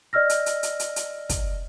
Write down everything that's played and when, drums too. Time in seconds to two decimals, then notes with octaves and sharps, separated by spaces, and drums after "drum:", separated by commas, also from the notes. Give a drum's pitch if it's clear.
0.13 D5 D#5 E6 F6 A#6
0.30 drum: hi-hat
0.46 drum: hi-hat
0.63 drum: hi-hat
0.79 drum: hi-hat
0.96 drum: hi-hat
1.29 drum: kick, hi-hat